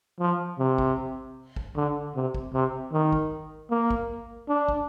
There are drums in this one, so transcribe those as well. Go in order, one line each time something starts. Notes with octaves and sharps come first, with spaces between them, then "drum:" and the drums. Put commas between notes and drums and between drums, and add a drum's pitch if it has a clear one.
F3
C3
drum: kick
drum: kick
D3
C3
drum: kick
C3
D#3
drum: kick
A#3
drum: kick
D4
drum: kick